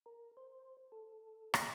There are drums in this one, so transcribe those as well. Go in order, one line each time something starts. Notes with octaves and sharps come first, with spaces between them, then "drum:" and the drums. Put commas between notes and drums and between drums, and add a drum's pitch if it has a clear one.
A#4
C5
A4
D#5, drum: rim click